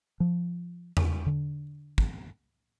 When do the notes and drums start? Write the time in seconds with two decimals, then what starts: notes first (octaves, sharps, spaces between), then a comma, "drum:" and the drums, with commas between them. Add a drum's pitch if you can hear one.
0.20 F3
0.97 drum: tom E2
1.26 D3
1.98 drum: kick